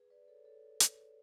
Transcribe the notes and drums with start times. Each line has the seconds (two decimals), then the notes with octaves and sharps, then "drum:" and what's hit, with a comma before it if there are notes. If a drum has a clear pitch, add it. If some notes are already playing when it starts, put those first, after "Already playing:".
Already playing: G#4 B4
0.10 B4 D5
0.28 A4 C#5
0.45 A4 C#5
0.80 drum: hi-hat